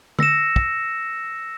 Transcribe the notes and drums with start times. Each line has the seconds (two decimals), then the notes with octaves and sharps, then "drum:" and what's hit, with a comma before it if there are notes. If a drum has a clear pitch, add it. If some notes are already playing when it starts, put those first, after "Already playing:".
0.19 E6 A#6 C#7 E7, drum: tom D3
0.56 drum: kick